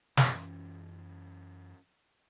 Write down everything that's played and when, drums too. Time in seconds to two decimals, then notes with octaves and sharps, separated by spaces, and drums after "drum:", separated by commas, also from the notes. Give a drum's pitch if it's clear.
0.17 F#2 E3 C#4, drum: snare